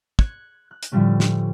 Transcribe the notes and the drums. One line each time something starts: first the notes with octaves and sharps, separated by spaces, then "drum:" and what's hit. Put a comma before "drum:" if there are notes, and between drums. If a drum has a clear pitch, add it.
F#6 G#6 C#7, drum: kick
F#6
drum: hi-hat
A2 D3 F3 G3 A3 C#4
drum: snare